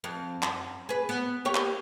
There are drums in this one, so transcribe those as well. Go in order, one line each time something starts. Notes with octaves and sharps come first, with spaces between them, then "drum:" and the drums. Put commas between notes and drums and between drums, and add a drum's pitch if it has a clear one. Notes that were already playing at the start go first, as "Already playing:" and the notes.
F2
F#2, drum: clap
G#4 B4
B3
A#3 G4 C#5
drum: clap